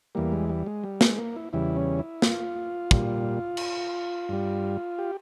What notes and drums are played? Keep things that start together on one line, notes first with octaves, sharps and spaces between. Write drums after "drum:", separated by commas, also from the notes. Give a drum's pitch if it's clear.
E2 E3 G3 A#3
G#3
G3
G#3
G3
G#3, drum: snare
A#3
E4
E2 C#3 E3 G3 E4
C#4
E4
F4, drum: snare
A#2 G3, drum: kick
drum: cymbal
G2 G3
G4